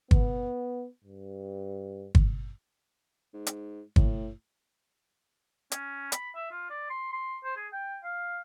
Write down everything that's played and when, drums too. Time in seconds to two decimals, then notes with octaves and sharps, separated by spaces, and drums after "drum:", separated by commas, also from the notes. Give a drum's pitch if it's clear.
0.11 B3, drum: kick
1.05 G2
2.15 drum: kick
3.34 G#2
3.47 drum: hi-hat
3.96 A2, drum: kick
5.71 C#4, drum: hi-hat
6.12 B5, drum: hi-hat
6.35 E5
6.51 F4
6.70 D5
6.90 C6
7.12 C6
7.44 C5
7.56 G#4
7.73 G5
8.04 F5